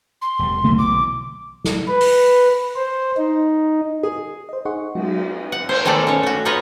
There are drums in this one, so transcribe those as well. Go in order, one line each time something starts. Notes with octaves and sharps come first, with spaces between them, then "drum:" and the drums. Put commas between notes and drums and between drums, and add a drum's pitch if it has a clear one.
C6
E1 G3
B1 B2 E3, drum: tom
D6
drum: snare
B4
drum: open hi-hat
C5
D#4
G#4
C5 D#5
D#4 G#4 D#5 F#5 C6 C#6
F#3 G#3 F#4, drum: cymbal
F#5
C5, drum: cymbal
B2 D#3 G#3 A3 A4 D5
C#4 C#5
A3 F#4
D#4 F4 B4 C#5 D#5